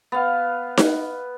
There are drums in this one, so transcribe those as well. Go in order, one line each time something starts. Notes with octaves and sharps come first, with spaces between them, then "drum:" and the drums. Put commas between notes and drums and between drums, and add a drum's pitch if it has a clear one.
B3 F5
drum: snare D#4